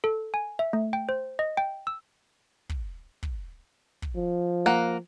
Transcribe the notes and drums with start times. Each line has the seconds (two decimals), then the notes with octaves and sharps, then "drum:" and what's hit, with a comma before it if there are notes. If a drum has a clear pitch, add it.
0.04 A4
0.34 G#5
0.59 E5
0.73 A3
0.93 G5
1.09 C5
1.39 D#5
1.57 G5
1.87 E6
2.69 drum: kick
3.23 drum: kick
4.02 drum: kick
4.16 F3
4.66 A#3 F#5